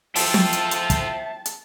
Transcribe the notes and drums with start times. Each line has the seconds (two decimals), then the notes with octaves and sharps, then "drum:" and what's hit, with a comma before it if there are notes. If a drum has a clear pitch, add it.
0.16 F3 F4 A4 E5 G5 A5, drum: open hi-hat
0.34 drum: tom
0.53 drum: hi-hat
0.71 drum: hi-hat
0.90 drum: kick, hi-hat
1.46 drum: hi-hat